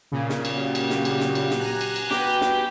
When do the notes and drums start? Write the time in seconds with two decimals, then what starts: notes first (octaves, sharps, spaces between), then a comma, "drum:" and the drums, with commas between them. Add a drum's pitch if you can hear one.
0.12 A#2 C#3
0.30 drum: snare
0.45 drum: cymbal
0.54 F#3 F#4 G4
0.75 drum: cymbal
0.90 drum: snare
1.05 drum: cymbal
1.20 drum: snare
1.35 drum: cymbal
1.51 drum: snare
1.60 G#5 A#5 F#6
1.81 drum: cymbal
1.96 drum: cymbal
2.11 F#4 G4 B4, drum: snare
2.41 drum: snare